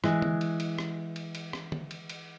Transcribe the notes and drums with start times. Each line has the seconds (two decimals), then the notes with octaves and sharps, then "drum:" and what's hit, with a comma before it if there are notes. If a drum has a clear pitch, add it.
0.04 E3 G#3 G#4, drum: rim click
0.22 drum: tom D3
0.41 drum: cymbal
0.60 drum: cymbal
0.78 drum: rim click
1.16 drum: cymbal
1.35 drum: cymbal
1.53 drum: rim click
1.72 drum: tom D3
1.91 drum: cymbal
2.10 drum: cymbal